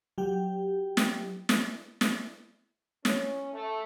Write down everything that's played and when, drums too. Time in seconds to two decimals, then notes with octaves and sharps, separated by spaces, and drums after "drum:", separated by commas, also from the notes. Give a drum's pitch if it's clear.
0.18 F#3 G4 G5
0.97 drum: snare
1.49 drum: snare
2.01 drum: snare
3.05 C#4, drum: snare
3.53 A3